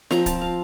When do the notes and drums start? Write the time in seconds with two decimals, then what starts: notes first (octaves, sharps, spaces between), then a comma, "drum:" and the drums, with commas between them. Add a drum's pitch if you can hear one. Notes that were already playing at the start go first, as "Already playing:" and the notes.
0.11 F3 C4 A#5, drum: snare
0.26 A5, drum: kick C#1, hi-hat
0.41 F5